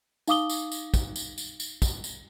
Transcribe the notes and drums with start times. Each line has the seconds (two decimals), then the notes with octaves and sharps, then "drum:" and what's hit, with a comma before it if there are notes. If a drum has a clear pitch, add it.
0.28 D#4 F5 D6 D#6 G7, drum: tambourine
0.50 drum: tambourine
0.72 drum: tambourine
0.94 drum: kick, tambourine
1.16 drum: tambourine
1.38 drum: tambourine
1.60 drum: tambourine
1.82 drum: kick, tambourine
2.04 drum: tambourine